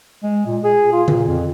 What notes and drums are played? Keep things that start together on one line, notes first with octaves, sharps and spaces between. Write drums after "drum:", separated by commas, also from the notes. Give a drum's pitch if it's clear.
G#3
A#2
G#4
F4
A#2, drum: tom D3
F2